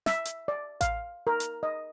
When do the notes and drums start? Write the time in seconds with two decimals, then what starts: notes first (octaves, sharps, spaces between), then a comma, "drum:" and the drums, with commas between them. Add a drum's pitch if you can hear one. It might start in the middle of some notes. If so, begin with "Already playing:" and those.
0.06 E5, drum: snare
0.25 drum: hi-hat
0.48 D5
0.81 F5, drum: kick A1, hi-hat
1.27 A#4
1.40 drum: hi-hat
1.63 D#5